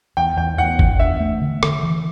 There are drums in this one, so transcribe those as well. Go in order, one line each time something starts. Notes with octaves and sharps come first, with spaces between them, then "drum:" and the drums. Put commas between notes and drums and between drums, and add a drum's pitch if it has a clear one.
E2 G5
E2 G5
E2 F#5
E2, drum: kick G1
D4 E5
A3
D3
D3, drum: rim click
E3